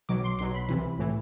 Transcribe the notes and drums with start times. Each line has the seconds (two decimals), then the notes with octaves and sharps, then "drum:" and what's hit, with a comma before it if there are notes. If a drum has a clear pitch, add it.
0.09 B1 B2 F#3 D6, drum: hi-hat
0.24 C6
0.39 B1 B2 F#3 C6, drum: hi-hat
0.54 B5
0.69 C2 C3 E3, drum: hi-hat
0.99 A2 E3